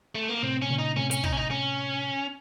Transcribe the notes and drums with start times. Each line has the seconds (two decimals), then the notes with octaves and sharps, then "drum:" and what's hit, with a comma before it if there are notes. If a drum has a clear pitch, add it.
0.15 A3
0.29 A#3
0.43 A2 C3 C4
0.62 C#4
0.70 A#2 C#3
0.78 D#4
0.96 A2 C3 C#4
1.11 C#4, drum: hi-hat
1.24 D#4, drum: kick
1.32 C#4
1.37 D#4
1.51 C#4